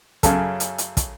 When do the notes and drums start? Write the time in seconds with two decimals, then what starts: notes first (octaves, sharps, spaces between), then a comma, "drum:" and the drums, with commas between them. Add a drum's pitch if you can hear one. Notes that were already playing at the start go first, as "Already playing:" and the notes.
0.23 F#2 C#3 A4, drum: kick, hi-hat
0.60 drum: hi-hat
0.78 drum: hi-hat
0.97 drum: kick, hi-hat